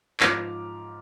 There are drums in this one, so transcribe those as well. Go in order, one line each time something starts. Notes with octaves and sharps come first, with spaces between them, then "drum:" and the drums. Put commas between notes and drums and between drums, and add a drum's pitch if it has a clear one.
G#2 F3 D6 F6, drum: clap